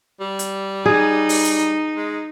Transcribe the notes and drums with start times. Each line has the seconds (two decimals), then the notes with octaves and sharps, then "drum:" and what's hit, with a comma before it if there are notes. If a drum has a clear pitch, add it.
0.20 G3
0.39 drum: hi-hat
0.86 D#4 G#4
1.29 drum: open hi-hat
1.44 drum: hi-hat
1.97 G#3